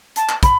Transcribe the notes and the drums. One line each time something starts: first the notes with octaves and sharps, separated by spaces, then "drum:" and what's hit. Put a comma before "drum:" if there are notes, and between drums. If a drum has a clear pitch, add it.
A5, drum: hi-hat
drum: clap
B5, drum: kick, hi-hat